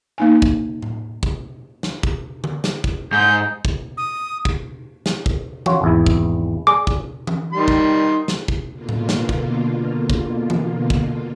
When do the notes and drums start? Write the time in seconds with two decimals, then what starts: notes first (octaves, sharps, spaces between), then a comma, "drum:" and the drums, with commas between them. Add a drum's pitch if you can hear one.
0.18 A#3 D#4 G#5
0.42 drum: kick
0.82 drum: tom A2
1.23 drum: kick
1.83 drum: snare
2.03 drum: kick
2.44 drum: tom D3
2.64 drum: snare
2.84 drum: kick
3.12 G#2 G6
3.65 drum: kick
3.97 D#6
4.45 drum: kick
5.06 drum: snare
5.26 drum: kick
5.66 F4 F#4 C#5, drum: tom E3
5.82 G#1 E2 E4
6.06 drum: kick
6.67 G#4 D5 D6
6.87 drum: kick
7.27 drum: tom E3
7.53 D#3 G3 C6
7.68 drum: kick
8.28 drum: snare
8.48 drum: kick
8.72 B2 D3 A#3 F4
8.89 drum: tom A2
9.09 drum: snare
9.29 drum: kick
10.10 drum: kick
10.50 drum: tom E3
10.90 drum: kick